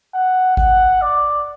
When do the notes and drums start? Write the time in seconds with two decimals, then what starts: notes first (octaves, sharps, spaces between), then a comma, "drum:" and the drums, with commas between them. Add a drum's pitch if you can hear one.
0.14 F#5
0.57 F#5, drum: kick G#1
1.02 D5